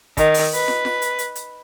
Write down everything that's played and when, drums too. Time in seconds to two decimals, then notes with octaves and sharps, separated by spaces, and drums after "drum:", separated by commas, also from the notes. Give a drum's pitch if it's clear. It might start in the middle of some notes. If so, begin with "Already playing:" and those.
0.17 D#3, drum: kick, hi-hat
0.34 drum: open hi-hat
0.54 B4, drum: hi-hat
0.68 drum: snare
0.85 drum: snare
1.02 drum: hi-hat
1.19 drum: hi-hat
1.35 drum: hi-hat